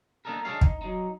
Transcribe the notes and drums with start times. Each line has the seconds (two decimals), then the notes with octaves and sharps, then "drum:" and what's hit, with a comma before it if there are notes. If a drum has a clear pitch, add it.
0.25 A#3 B3 D4 D#4 A4 A#4
0.45 G#3 D4 G#4 A4 C#5 F5
0.61 D#4, drum: kick
0.81 F#3 D#4